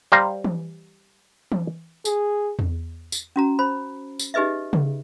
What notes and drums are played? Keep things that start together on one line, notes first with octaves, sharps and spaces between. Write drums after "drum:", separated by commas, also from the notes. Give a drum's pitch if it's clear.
G3 C5 F5 A#5
drum: tom E3
drum: tom E3
G#4, drum: tambourine
drum: tom E2
drum: tambourine
C#4 F#4 A#5
C5 B5
drum: tambourine
D#4 G4 G#4 B4 D#5 E5
drum: tom C#3